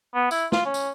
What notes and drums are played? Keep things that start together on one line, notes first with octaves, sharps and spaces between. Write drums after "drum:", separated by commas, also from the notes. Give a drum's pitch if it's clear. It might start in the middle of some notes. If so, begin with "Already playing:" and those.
B3
E4, drum: tambourine
F4, drum: snare
C#4
drum: tambourine